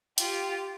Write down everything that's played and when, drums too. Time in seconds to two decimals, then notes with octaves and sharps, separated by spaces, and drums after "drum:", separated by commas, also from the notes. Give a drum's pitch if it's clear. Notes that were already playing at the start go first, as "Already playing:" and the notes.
0.18 F4 G4, drum: hi-hat